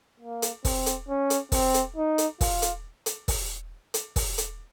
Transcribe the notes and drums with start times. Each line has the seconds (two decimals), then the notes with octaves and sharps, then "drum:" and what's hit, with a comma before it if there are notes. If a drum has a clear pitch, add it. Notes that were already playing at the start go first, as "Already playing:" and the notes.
0.20 A#3
0.42 drum: hi-hat
0.65 C4, drum: kick, open hi-hat
0.86 drum: hi-hat
1.08 C#4
1.30 drum: hi-hat
1.52 C4, drum: kick, open hi-hat
1.74 drum: hi-hat
1.96 D#4
2.18 drum: hi-hat
2.41 F4, drum: kick, open hi-hat
2.62 drum: hi-hat
3.06 drum: hi-hat
3.28 drum: kick, open hi-hat
3.94 drum: hi-hat
4.16 drum: kick, open hi-hat
4.38 drum: hi-hat